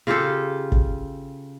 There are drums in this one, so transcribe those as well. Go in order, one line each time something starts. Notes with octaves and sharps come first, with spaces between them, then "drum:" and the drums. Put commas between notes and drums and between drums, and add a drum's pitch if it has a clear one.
C#3 F4 G4 A4
drum: kick